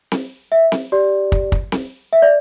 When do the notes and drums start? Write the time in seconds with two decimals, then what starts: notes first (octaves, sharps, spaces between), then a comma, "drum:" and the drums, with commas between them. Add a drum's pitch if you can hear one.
0.12 drum: snare C4
0.52 E5
0.72 drum: snare C4
0.92 G4 D5
1.32 drum: kick
1.52 drum: kick
1.72 drum: snare C4
2.13 E5
2.22 D5